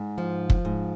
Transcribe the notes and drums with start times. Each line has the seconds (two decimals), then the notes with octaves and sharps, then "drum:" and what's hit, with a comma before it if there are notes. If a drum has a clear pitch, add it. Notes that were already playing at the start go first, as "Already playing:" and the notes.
Already playing: G#2
0.18 F3
0.50 drum: kick
0.65 G#2